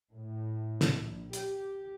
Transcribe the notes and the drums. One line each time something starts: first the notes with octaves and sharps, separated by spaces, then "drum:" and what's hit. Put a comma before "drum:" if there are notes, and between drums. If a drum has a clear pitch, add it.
A2
drum: snare
A#1
G4, drum: hi-hat